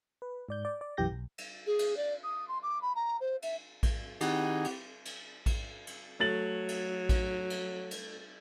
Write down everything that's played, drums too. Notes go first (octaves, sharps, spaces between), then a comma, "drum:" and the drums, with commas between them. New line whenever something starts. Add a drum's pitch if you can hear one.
B4
G#2 D5 G6
D5
D5
B1 F#2 E3 G4 G6 A#6
B1
drum: cymbal
G#4
drum: cymbal
D5
D#6
C6
D6
B5
A#5
C5
E5, drum: cymbal
drum: kick A1, cymbal
D#3 C4 D#4 E4 G4 G#4 F#5, drum: cymbal
drum: cymbal
drum: cymbal
drum: kick A1, cymbal
drum: cymbal
F#3 A3 A6 F#7
drum: cymbal
drum: kick A1, cymbal
drum: cymbal
drum: cymbal